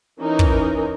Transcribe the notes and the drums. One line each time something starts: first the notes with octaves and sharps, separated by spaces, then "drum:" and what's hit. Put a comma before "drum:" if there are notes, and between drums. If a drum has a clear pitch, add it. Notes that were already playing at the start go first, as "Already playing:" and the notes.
E3 C#4 D#4 A#4
drum: kick